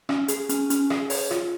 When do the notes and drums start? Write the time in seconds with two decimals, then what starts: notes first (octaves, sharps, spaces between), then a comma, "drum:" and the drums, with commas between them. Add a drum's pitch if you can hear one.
0.09 C#4, drum: rim click
0.28 G#4, drum: hi-hat
0.49 C#4, drum: hi-hat
0.70 C#4, drum: hi-hat
0.90 G#4, drum: rim click
1.10 C#5, drum: open hi-hat
1.31 F4, drum: rim click